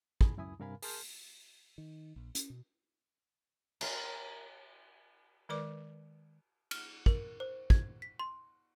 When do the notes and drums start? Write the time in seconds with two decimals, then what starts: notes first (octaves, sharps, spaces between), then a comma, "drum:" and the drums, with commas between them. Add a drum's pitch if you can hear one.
0.21 G#4 B5, drum: kick
0.37 C#2 F#2 E4 G#5 B5 D#6
0.60 G2 C3 A#4 F5 G#5 B5
0.82 G#4 A#4 A5 C6 F6 G6, drum: open hi-hat
1.78 D#3
2.16 A#1
2.35 C#4, drum: hi-hat
2.50 B2
3.81 A#4 C6, drum: cymbal
5.49 D#3 G#3 A#4 B4 D5 D6
6.71 F6, drum: cymbal
7.06 A#4, drum: kick
7.40 C5
7.70 G#6, drum: kick
8.02 B6
8.19 C6